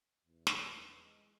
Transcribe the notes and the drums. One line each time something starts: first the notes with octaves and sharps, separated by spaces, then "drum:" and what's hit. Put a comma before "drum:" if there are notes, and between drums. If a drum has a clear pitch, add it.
E2
drum: snare
G#3